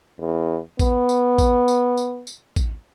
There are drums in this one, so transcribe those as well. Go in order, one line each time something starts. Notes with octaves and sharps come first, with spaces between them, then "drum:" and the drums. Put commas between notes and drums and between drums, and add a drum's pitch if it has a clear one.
E2
B3, drum: kick A1, tambourine
drum: tambourine
drum: kick A1, tambourine
drum: tambourine
drum: tambourine
drum: tambourine
drum: kick A1, tambourine